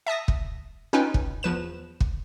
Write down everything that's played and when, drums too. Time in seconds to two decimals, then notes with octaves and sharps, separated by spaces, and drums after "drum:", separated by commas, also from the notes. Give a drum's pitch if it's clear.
0.07 E5 A5 D#6 A#6
0.28 drum: kick
0.93 C#4 D#4 F4 B4 G5 G#5
1.14 drum: kick
1.43 E2 F3 B4 E7
2.00 drum: kick